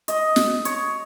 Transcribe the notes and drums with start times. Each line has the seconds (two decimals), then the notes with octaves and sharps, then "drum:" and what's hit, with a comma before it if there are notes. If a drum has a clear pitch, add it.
0.08 D#5, drum: hi-hat
0.36 drum: snare
0.65 C#5, drum: hi-hat